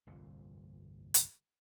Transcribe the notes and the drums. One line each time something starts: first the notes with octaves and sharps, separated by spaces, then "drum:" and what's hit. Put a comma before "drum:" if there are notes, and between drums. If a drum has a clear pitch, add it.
G1 C2 F2 A#2
drum: hi-hat